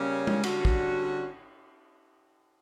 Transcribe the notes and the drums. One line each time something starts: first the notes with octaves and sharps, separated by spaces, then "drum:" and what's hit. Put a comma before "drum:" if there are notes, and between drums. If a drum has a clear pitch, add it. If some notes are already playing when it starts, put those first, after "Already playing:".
Already playing: C#3 G3 A#3 C#4
drum: tom G#3
D3 G3 C#4 F#4, drum: cymbal
drum: kick